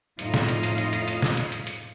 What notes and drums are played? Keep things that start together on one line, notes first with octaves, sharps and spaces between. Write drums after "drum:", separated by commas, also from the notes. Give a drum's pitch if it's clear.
F2 A2 D#4 F4 D#5 F5, drum: hi-hat
drum: snare
drum: hi-hat
drum: hi-hat
drum: hi-hat
drum: hi-hat
drum: hi-hat
drum: snare
drum: hi-hat
drum: hi-hat
drum: hi-hat